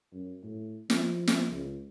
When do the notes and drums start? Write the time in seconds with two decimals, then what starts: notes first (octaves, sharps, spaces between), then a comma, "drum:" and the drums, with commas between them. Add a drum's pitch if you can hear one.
0.12 F#2
0.43 A2
0.90 F3, drum: snare
1.27 drum: snare
1.49 C#2